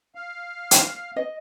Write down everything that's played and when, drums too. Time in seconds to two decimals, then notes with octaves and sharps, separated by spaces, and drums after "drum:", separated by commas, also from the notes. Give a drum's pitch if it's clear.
0.15 F5
0.71 drum: hi-hat
1.16 D#5